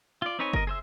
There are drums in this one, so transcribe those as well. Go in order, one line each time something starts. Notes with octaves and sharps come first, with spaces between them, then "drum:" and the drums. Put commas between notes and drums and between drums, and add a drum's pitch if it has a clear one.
F4 D5
C4 D#4 B4 C#5 G#5
A#4 D#5, drum: kick F#1
G#4 C5 E5